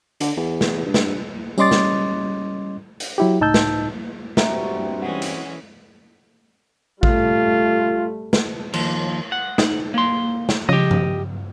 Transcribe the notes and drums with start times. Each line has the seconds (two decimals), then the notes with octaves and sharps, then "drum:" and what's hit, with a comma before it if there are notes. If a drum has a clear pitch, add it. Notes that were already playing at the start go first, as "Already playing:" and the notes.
0.20 D3, drum: hi-hat
0.37 E2
0.61 drum: snare
0.85 G2
0.94 drum: snare
1.58 G3 C#4 D#5 C6 D6 A6, drum: tambourine
1.71 drum: snare
3.00 drum: hi-hat
3.18 F#3 E4 G4
3.40 C#2 A2 D#4 A5 E6 G6
3.54 drum: snare
4.37 G2 C4 F#4 E5 A#5, drum: snare
5.02 E3 G#3 C#4 F#5
5.22 drum: hi-hat
7.03 G3 A3 F4, drum: kick A1
8.33 drum: snare
8.74 D#2 F3, drum: cymbal
9.32 F#5
9.58 D#4, drum: snare
9.94 A#3 C6
10.49 drum: snare
10.69 C#3 F3 G4 D#5
10.91 drum: tom G2